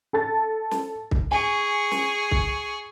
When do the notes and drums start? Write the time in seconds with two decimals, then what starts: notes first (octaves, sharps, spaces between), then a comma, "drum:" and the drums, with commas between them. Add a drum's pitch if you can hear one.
0.13 A4 A5 A6
0.71 drum: snare
1.11 drum: kick C2
1.31 G#4 G#5 C#6
1.91 drum: snare
2.31 drum: kick C2